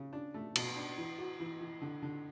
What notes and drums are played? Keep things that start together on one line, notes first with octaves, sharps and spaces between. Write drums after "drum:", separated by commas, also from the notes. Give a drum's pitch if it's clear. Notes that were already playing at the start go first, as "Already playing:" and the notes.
Already playing: C#3
D4
A3
B2, drum: cymbal
D4
E3
F#4
E3
E3
D3
D3